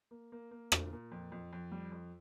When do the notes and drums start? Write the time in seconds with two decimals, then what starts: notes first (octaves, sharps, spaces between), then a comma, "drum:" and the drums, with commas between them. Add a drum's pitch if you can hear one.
0.11 A#3
0.32 A#3
0.51 A#3
0.72 A#2, drum: rim click
0.92 A#2
1.12 F2
1.32 F2
1.53 F2
1.72 G3
1.92 F2